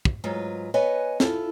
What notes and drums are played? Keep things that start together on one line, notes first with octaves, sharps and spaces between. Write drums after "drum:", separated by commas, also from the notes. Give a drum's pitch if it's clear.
drum: kick
G#2 F#3 F4 B4
B3 B4 C#5 D#5 G#5
E4 F4 A4, drum: snare